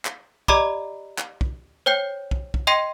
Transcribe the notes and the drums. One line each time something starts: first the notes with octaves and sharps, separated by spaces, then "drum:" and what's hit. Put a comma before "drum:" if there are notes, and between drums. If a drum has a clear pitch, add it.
drum: clap
G4 D5 D#5 A#5 B5 D6, drum: kick
drum: clap
drum: kick
C5 C#5 G5 G6 C7
drum: kick
drum: kick
D#5 G5 C6 A#6 C7 D#7